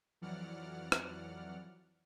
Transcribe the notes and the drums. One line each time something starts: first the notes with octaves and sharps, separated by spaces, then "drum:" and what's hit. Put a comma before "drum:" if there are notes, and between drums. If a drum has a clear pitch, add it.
F2 E3 F#3 D5 F#5 F6
drum: rim click